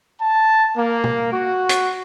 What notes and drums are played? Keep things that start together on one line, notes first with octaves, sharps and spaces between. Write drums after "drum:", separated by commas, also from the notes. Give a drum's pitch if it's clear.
A5
A#3
drum: tom
F#4
drum: hi-hat